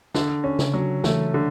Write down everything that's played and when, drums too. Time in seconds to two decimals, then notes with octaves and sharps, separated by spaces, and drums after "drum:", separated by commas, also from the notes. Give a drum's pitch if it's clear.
0.14 D3, drum: snare
0.44 C#4
0.59 C#3, drum: snare
0.74 F#3
1.04 E3 A3, drum: snare
1.34 D3